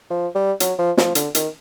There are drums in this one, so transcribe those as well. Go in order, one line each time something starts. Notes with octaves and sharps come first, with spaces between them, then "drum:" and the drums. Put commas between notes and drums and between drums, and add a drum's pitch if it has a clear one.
F3
G3
F#3, drum: hi-hat
F3
F3, drum: snare
D3, drum: hi-hat
D#3, drum: hi-hat